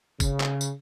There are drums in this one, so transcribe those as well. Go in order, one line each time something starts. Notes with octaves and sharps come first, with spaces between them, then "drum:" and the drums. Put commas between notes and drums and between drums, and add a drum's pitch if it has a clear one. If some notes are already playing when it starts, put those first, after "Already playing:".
C#3, drum: kick, tambourine
drum: clap
drum: tambourine